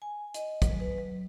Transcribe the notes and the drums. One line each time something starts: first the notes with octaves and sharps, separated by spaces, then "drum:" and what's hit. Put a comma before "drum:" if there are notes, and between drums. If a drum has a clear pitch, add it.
G#5
D#5, drum: hi-hat
F#3, drum: kick, hi-hat
B4
F#3